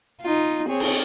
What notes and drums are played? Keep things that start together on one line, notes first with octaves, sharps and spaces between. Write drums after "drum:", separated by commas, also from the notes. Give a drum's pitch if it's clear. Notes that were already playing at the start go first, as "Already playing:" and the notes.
D#4 F4
C4 G#4 C#5
drum: cymbal